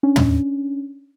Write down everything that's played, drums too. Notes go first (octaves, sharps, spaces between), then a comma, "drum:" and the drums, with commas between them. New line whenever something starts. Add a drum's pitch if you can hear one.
C#4 D4
drum: tom